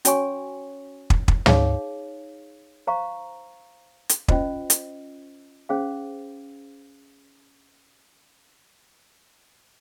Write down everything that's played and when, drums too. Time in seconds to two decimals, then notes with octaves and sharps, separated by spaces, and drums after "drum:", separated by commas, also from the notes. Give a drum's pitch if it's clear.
0.05 C#4 F#4 C#5 G#5 C#6, drum: hi-hat
1.10 drum: kick
1.28 drum: kick
1.46 D#4 G#4 C#5 F5, drum: tom
2.87 C5 F5 A#5 C#6
4.09 drum: hi-hat
4.28 C#4 F4 C5 D#5, drum: kick
4.70 drum: hi-hat
5.69 C#4 G#4 C5 F5